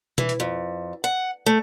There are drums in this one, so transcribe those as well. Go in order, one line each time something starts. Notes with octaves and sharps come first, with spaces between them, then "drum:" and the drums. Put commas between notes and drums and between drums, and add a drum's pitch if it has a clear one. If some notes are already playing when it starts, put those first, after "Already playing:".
E3, drum: tom B2
drum: hi-hat
F2
F#5
A3